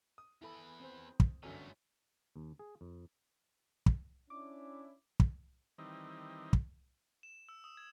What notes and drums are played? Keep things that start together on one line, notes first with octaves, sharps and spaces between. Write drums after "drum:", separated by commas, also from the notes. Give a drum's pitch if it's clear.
D#6
E2 E4 A4 B4
C4 C5
drum: kick
G1 F#2 D3 A3 C#4 F#4 A#5
D#2
G#4
F2
drum: kick
C#4 D4 E4 D6
drum: kick
D#3 E3 G3 C4 D#4
drum: kick
E7
E6
D#6
G#6